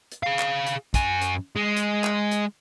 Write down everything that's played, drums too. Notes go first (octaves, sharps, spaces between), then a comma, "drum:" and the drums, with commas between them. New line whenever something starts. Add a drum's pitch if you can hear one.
drum: hi-hat
G#4 F5
drum: clap
drum: hi-hat
F#2 G#5, drum: kick, hi-hat
drum: hi-hat
G#3
drum: hi-hat
drum: clap
drum: hi-hat